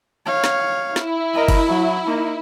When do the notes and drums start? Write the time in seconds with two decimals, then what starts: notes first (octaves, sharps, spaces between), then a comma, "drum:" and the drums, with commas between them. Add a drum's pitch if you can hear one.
0.26 C#5 F5
0.44 drum: snare
0.96 E4, drum: snare
1.34 A#4 D#5
1.48 drum: kick F#1, cymbal
1.68 F#3
2.06 A#3 D#4